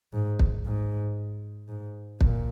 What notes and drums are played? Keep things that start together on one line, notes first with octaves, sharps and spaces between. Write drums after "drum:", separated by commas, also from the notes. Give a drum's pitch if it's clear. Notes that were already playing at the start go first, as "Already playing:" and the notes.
G#2
drum: kick
G#2
G#2
A#2, drum: kick